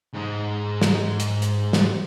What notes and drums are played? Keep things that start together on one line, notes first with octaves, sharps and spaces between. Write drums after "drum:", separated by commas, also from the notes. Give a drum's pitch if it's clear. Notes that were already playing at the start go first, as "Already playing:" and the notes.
G#2 G#3
drum: snare
drum: hi-hat
drum: hi-hat
drum: snare